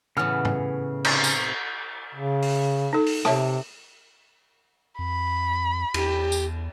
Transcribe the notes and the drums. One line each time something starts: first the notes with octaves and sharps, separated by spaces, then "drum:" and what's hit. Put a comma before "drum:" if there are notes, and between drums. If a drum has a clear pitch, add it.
A2 C#3 E3 B3 F6
drum: tom
C3 D#4 C5, drum: cymbal
drum: tambourine
C#3
drum: open hi-hat
D#4 A4
drum: open hi-hat
C3 C#5 E5 A5, drum: rim click
F2 B5
E2 G4, drum: cymbal
drum: tambourine